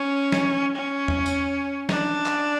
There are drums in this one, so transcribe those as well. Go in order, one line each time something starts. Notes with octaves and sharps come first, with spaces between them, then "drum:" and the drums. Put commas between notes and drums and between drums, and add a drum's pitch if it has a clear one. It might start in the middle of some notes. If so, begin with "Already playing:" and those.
Already playing: C#4
drum: snare
C#4
drum: tom E2
drum: tambourine
D4, drum: snare
drum: clap